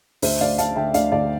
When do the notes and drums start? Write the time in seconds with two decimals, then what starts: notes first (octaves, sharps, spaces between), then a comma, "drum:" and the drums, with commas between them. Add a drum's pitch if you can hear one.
0.22 D2 C5 E5, drum: open hi-hat
0.41 D2 D5 F5
0.58 A3 F5 A5, drum: hi-hat
0.76 D3 E5 G5
0.94 D2 D5 F5, drum: hi-hat
1.12 D2 D5 F5